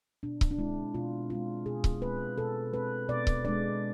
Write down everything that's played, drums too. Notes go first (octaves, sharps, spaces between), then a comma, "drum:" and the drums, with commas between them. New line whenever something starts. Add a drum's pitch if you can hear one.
B2 D4
drum: kick C#1
D4
G#3 C4 E4
B2 F4
G#3 C4 F4
B2 G#4
drum: kick C#1
G#3 C4 B4
B2 A4
G#3 C4 B4
B2 D5
drum: kick C#1
G#3 D4 D5